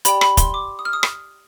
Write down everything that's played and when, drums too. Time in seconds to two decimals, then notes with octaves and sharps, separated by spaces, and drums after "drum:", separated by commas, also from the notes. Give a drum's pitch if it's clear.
0.05 G4 D5 G5 B5, drum: hi-hat
0.21 B5, drum: rim click
0.37 C6, drum: kick, hi-hat
0.54 D6
0.79 D#6
0.85 F6
0.93 D#6
1.03 drum: rim click